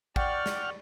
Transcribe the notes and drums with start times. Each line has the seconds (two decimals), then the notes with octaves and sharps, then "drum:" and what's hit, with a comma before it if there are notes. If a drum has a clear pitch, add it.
0.16 D5 F#5 G5 C#6 F6, drum: kick
0.46 drum: snare